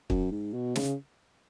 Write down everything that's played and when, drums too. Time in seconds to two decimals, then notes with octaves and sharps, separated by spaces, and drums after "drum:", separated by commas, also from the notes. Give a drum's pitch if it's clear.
0.10 F#2, drum: kick
0.32 G#2
0.54 B2
0.76 C#3, drum: snare